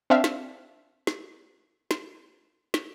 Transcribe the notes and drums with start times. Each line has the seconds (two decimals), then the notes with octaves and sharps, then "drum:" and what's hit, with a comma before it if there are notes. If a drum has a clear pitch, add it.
0.10 C4 D4 E5 F5
0.24 drum: snare
1.07 drum: snare
1.91 drum: snare
2.74 drum: snare